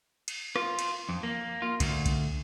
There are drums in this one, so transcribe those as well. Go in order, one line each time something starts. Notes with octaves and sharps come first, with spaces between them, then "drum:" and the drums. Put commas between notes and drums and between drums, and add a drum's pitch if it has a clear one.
drum: cymbal
F4, drum: rim click
drum: cymbal
F2
A#3
F4
D2, drum: kick C2, cymbal
drum: kick C2, cymbal